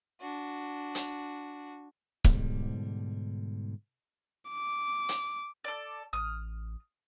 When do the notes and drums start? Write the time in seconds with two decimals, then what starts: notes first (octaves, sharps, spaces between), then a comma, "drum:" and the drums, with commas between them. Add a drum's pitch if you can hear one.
0.21 D4 F#4
0.95 drum: hi-hat
2.24 G#2 B2 D3 G3, drum: kick C#1
4.50 D6
5.09 drum: hi-hat
5.64 A4 D5
6.13 A1 D#6 F6